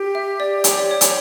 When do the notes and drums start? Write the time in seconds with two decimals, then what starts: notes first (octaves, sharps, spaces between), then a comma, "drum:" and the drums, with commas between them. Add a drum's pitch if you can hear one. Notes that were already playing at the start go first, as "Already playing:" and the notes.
Already playing: G4
0.15 E5
0.40 D5
0.64 C#5, drum: hi-hat
0.78 D5
0.91 C#5
1.01 drum: hi-hat